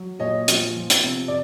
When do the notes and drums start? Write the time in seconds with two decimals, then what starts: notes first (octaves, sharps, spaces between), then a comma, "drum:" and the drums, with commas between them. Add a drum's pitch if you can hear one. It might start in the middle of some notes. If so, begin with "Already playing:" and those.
Already playing: F#3
0.20 A#2 C#5 D#5
0.48 F3, drum: hi-hat
0.76 F3
0.90 drum: hi-hat
1.04 C3
1.28 D5